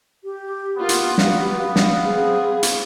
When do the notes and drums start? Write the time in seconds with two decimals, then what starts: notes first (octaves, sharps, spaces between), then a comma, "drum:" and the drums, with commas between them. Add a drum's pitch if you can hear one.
0.24 G4
0.77 A#3 B3 F4
0.89 drum: hi-hat
1.18 F#4 G4 B4 F5, drum: snare
1.54 F5
1.76 drum: snare
2.01 C4 G#4
2.63 drum: hi-hat